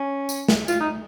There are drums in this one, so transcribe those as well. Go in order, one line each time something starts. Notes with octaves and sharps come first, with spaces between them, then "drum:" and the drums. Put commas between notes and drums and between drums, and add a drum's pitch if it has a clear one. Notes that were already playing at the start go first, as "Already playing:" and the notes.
Already playing: C#4
drum: tambourine
drum: snare
F4, drum: tambourine
D#4